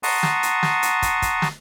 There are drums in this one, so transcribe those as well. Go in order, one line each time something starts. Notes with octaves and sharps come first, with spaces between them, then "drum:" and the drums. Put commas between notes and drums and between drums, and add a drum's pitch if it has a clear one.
F#5 A5 A#5 C6 C#6 D#6, drum: open hi-hat
drum: snare
drum: hi-hat
drum: snare
drum: hi-hat
drum: kick, hi-hat
drum: kick, hi-hat
drum: snare